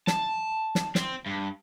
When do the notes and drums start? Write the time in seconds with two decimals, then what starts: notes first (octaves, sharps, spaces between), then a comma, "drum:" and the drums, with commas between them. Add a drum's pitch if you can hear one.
0.07 A5, drum: snare
0.75 drum: snare
0.95 C4, drum: snare
1.26 G2